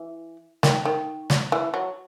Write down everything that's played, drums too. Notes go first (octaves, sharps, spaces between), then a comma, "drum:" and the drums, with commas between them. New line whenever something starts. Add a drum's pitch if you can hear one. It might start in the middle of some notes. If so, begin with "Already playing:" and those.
Already playing: E3
D#3, drum: snare
D#3
drum: snare
E3
F#3